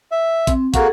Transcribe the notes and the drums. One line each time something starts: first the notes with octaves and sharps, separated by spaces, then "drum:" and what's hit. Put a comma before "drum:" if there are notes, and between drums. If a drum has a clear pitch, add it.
E5
C4, drum: kick, hi-hat
A#3 F#4 G#4 A4 F#5, drum: kick, hi-hat